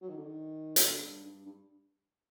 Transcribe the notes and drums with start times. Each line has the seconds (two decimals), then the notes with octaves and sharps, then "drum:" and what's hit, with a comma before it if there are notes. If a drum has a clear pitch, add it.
0.02 F#3
0.09 D#3
0.17 D3
0.25 D#3
0.76 D3, drum: hi-hat
1.00 G2
1.25 G2
1.46 G2